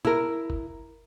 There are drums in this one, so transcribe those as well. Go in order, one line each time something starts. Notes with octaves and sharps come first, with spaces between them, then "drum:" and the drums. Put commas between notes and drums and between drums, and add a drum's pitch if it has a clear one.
E4 A#4, drum: tom
drum: kick G1